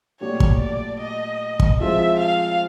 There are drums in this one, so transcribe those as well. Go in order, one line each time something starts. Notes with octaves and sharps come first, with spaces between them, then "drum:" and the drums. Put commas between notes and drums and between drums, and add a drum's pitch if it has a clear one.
A#2 F#3 A3 D4 G4 C#5
drum: kick
D5
D#5
drum: kick
F3 G#3 C4 F4 G#4 E5
F5